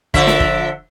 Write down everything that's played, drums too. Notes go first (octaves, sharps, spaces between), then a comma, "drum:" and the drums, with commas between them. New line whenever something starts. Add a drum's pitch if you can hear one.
D3 F3 E5, drum: kick
drum: snare
drum: kick